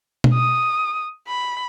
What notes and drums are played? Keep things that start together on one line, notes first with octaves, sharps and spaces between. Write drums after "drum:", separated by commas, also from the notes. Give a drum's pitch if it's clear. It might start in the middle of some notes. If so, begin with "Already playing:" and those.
drum: tom B2
D#6
B5